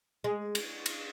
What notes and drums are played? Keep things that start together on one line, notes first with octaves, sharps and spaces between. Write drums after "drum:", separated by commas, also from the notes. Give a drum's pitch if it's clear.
G#3
drum: cymbal
drum: cymbal